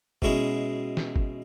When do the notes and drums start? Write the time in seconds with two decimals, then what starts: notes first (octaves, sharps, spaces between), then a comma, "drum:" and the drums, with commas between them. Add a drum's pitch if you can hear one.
0.22 B2 G#3 C#4 E4 G#4, drum: kick
0.97 drum: snare
1.16 drum: kick